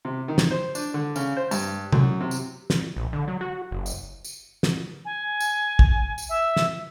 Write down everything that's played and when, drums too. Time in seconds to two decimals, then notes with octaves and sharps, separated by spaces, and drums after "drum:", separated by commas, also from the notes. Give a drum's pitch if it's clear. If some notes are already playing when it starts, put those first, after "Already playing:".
0.05 C3
0.28 D#3
0.38 drum: snare
0.51 C5
0.75 D4, drum: tambourine
0.94 D3
1.16 C#3, drum: tambourine
1.37 C5
1.51 G2, drum: tambourine
1.93 F#2, drum: tom C3
2.20 C3
2.31 drum: tambourine
2.70 drum: snare
2.97 A#1
3.13 D3
3.28 F#3
3.41 F#4
3.71 F#1
3.86 drum: tambourine
4.24 drum: tambourine
4.63 drum: snare
5.05 G#5
5.40 drum: tambourine
5.79 drum: kick
6.18 drum: tambourine
6.29 E5
6.56 drum: snare